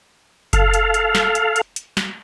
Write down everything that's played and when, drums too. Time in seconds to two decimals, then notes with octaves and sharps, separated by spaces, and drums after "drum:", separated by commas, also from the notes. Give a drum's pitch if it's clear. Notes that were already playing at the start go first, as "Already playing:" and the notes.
0.53 A4 F5, drum: kick F#1, hi-hat
0.74 drum: hi-hat
0.94 drum: hi-hat
1.15 drum: snare
1.35 drum: hi-hat
1.56 drum: hi-hat
1.76 drum: hi-hat
1.97 drum: snare